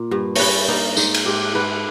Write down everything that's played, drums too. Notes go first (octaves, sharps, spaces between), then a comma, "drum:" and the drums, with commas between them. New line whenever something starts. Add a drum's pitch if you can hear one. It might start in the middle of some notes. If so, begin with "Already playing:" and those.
Already playing: A#2
G2
G2 B4 C#5, drum: open hi-hat
A#3 D#4
G#2 D#4, drum: tambourine
drum: cymbal
G#2 G4
G#2 B4